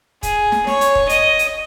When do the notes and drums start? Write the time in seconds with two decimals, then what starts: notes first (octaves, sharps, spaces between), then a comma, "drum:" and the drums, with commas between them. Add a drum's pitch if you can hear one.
0.23 G#4, drum: kick, hi-hat
0.52 drum: snare
0.67 C#5, drum: snare
0.81 drum: hi-hat
0.95 drum: kick
1.09 D#5, drum: hi-hat
1.39 drum: hi-hat